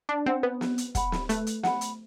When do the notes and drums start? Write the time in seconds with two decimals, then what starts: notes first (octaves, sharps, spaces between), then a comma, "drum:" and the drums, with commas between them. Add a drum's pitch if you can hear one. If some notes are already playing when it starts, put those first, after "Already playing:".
0.09 D4
0.26 C4 C5 F#5 A5
0.43 B3
0.61 B4, drum: snare
0.78 drum: hi-hat
0.95 F#5 B5, drum: kick, hi-hat
1.12 drum: snare
1.29 A3 B4, drum: hi-hat
1.47 drum: hi-hat
1.63 F#5 B5, drum: snare
1.81 drum: hi-hat